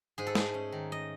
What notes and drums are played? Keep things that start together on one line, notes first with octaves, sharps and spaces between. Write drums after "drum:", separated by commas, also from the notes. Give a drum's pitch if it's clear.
G#2 G#4
A4
A3 G#4, drum: snare
C#4
D#3
D#5